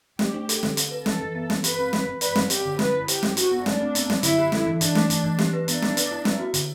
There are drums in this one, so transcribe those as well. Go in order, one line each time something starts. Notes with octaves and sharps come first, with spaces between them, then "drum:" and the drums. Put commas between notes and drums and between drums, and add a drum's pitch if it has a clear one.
A3 G4, drum: snare
D4
A4, drum: hi-hat
D3, drum: snare
C4, drum: hi-hat
B4
E3 A4, drum: snare
E3
B3
E3, drum: snare
G4 B4, drum: hi-hat
C4
E3, drum: snare
E3
B4 D5, drum: hi-hat
C4, drum: snare
C4 G4, drum: hi-hat
D3
E4 B4, drum: snare
E4
G4 C5, drum: hi-hat
A4, drum: snare
D4 F#4, drum: hi-hat
B3
A3 D4, drum: snare
C4
B3, drum: hi-hat
F#3, drum: snare
D3 E4, drum: hi-hat
G4
A4, drum: snare
E3
E3 D4, drum: hi-hat
A3, drum: snare
E3, drum: hi-hat
E3
G4, drum: snare
B4
B3 D4, drum: hi-hat
B3, drum: snare
B4, drum: hi-hat
E4
B3, drum: snare
F#4
D3, drum: hi-hat